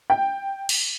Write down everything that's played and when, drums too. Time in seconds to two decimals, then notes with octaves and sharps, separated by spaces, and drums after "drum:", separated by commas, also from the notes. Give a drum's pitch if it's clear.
0.10 G5
0.69 drum: cymbal